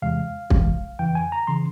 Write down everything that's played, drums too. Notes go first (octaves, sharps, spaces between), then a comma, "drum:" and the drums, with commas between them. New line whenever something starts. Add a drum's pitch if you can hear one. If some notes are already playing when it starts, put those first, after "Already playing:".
E2 C3 E3 G#3 F5
E2 C3 E3 G#3, drum: kick
F2 C#3 E3 G5
G#5
A#5
C#3 E3 C6